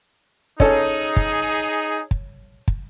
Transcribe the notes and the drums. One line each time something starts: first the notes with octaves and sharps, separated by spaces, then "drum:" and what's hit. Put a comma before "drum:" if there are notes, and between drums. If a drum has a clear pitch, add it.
C#4 D#4 G#4 A4, drum: kick
drum: kick
drum: kick
drum: kick